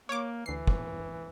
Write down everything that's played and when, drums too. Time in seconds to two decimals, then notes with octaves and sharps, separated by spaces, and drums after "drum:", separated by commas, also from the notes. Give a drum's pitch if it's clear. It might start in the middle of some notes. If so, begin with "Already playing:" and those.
0.09 A#3 C#5 D6
0.46 D2 E3 C7
0.67 drum: kick